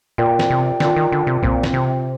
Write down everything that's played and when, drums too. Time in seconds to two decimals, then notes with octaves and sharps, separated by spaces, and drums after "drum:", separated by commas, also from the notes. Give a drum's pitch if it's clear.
0.18 A#2 F4 A#4 D5 G5
0.39 drum: snare
0.50 C3
0.80 D3 F4 A#4 D5 G5, drum: snare
0.96 D#3
1.12 D3
1.27 C3
1.43 A#2 C4 F4 C5, drum: kick A#1
1.63 drum: snare
1.73 C3